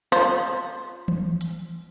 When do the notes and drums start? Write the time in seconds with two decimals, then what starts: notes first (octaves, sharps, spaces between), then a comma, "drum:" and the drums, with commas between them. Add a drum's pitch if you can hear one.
0.12 F4 C5, drum: rim click
1.08 drum: tom E3
1.41 drum: hi-hat